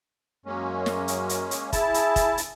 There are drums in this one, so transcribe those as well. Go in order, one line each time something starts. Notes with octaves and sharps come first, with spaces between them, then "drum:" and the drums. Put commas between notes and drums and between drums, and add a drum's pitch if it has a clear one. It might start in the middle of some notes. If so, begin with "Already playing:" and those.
F#2 G#3 A#3 C#4
drum: snare
drum: hi-hat
drum: hi-hat
drum: hi-hat
E4 G#4 E5 A5, drum: kick, hi-hat
drum: hi-hat
drum: kick, hi-hat
drum: hi-hat